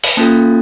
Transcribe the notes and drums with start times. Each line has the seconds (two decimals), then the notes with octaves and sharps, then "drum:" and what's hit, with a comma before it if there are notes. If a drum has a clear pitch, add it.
0.04 drum: open hi-hat
0.17 A#3 C#4 F4 A4 A5